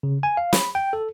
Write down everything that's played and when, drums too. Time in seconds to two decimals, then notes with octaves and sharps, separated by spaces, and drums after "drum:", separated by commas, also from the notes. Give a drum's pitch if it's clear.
0.03 C#3
0.23 G#5
0.37 F5
0.53 B5, drum: snare
0.75 G5
0.93 A4